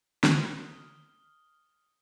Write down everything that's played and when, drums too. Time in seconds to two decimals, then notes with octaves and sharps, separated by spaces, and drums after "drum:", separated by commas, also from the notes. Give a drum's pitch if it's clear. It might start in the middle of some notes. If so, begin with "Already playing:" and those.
0.24 D#6 F6 G7, drum: snare